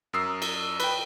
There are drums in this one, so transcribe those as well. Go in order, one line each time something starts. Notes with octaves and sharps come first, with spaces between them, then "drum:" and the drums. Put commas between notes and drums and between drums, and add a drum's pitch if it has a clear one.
F#2 A#4 D#6 E6 C7
drum: cymbal
B4 G5, drum: cymbal